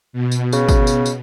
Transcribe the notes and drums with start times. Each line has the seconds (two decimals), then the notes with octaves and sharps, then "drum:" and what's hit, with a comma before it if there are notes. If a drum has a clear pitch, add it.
0.13 B2
0.31 drum: tambourine
0.52 C#3, drum: tambourine
0.68 drum: kick, tambourine
0.87 drum: tambourine
1.06 drum: tambourine